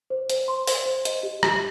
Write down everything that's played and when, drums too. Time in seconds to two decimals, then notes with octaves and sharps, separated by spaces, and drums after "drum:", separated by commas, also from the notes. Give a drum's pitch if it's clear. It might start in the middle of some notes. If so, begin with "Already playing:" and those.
0.10 C5
0.30 C5, drum: hi-hat
0.48 C6
0.67 C5, drum: open hi-hat
0.86 C5
1.05 D#5, drum: hi-hat
1.23 G4
1.43 G4, drum: rim click